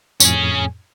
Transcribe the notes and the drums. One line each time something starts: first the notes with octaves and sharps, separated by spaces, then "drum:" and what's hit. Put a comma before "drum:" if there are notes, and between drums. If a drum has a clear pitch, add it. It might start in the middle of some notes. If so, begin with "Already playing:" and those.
F2 A2 C#4 G#4, drum: tambourine